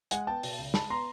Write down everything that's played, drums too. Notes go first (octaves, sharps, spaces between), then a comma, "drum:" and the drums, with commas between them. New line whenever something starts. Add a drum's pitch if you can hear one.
G#3 F#5 G#5, drum: hi-hat
B3 G5 A5
B2, drum: open hi-hat
C#2
G#3 A5 B5, drum: snare
B3 A#5 C6